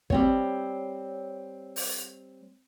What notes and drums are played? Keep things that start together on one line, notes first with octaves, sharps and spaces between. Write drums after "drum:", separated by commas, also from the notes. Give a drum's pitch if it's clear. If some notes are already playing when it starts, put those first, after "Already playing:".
G3 C4 C#5, drum: kick
drum: open hi-hat